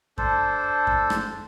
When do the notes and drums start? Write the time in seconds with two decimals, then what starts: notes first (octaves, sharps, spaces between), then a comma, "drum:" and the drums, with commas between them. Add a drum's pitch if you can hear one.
0.18 D4 A4 C5, drum: kick F#2
0.87 drum: kick F#2
1.10 drum: rim click